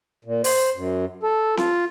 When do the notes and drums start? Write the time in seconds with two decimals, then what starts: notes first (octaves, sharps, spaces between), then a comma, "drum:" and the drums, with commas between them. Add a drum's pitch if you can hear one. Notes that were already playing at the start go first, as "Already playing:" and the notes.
0.25 A#2
0.44 C5, drum: open hi-hat
0.75 F#2
1.23 A4
1.57 F4, drum: snare C4